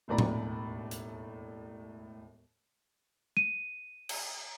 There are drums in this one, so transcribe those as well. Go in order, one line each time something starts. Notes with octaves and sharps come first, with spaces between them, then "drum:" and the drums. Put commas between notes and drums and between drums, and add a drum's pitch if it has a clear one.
E1 D#2 A2 D5 A#5 B5
drum: tom A2
drum: hi-hat
D#7
drum: cymbal